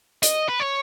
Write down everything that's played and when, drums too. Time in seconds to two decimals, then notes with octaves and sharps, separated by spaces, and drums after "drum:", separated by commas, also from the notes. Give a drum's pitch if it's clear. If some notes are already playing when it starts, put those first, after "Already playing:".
0.23 D#5, drum: hi-hat
0.49 B4
0.60 C#5